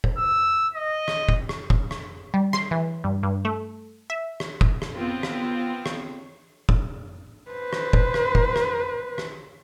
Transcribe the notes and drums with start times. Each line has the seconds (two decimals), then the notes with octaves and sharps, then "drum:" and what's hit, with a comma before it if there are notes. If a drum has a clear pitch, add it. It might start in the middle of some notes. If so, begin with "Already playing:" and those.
0.04 drum: kick
0.17 E6
0.74 D#5
1.08 drum: rim click
1.29 drum: kick
1.49 drum: rim click
1.70 drum: kick
1.91 drum: rim click
2.34 G3
2.53 C6, drum: rim click
2.71 E3
3.04 G2
3.23 G2
3.45 A3
4.10 E5
4.40 drum: rim click
4.61 drum: kick
4.82 drum: rim click
4.96 B3 C4 F4
5.23 drum: rim click
5.86 drum: rim click
6.69 drum: kick
7.51 B4 C5
7.73 drum: rim click
7.93 drum: kick
8.14 drum: rim click
8.35 drum: kick
8.56 drum: rim click
9.18 drum: rim click